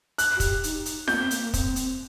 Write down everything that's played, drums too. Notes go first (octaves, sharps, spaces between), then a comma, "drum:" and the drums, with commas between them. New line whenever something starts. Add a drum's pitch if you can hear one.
F#6, drum: hi-hat
F#4
G4, drum: kick, hi-hat
D#4, drum: hi-hat
drum: hi-hat
A#3 G6, drum: snare F4
C4
A#3, drum: hi-hat
A#3
C4, drum: kick, hi-hat
drum: hi-hat